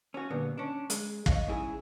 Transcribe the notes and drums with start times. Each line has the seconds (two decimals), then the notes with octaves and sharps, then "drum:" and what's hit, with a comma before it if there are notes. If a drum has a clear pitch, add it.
0.14 C#4 F#4
0.30 A#2 D3 G3 B3
0.58 C#4 D4
0.90 G#3, drum: hi-hat
1.26 C#5 D#5 F5, drum: kick
1.47 G#2 C#3 E4 G#4